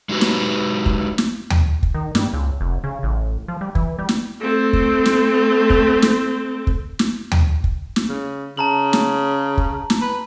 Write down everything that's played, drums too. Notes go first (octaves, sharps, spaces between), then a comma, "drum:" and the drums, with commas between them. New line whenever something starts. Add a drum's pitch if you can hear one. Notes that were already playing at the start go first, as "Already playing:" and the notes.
G#3 D#4 F#4 G4 B4
drum: snare
drum: kick
drum: snare
drum: tom
drum: kick
D#3
G2, drum: snare
C#2
F1
C#3
A1
F3
G3
E3, drum: kick
G3
drum: snare
A3 C4
drum: kick
drum: snare
drum: kick
drum: snare
drum: kick
drum: snare
drum: tom
drum: kick
drum: snare
C#3
C#3 A5 A#5 F#7
drum: snare
drum: kick
drum: snare
B4